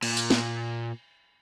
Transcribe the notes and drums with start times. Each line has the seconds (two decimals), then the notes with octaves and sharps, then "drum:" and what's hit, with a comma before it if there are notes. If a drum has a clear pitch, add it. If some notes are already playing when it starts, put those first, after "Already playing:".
0.03 A#2, drum: cymbal
0.17 drum: tambourine
0.30 drum: snare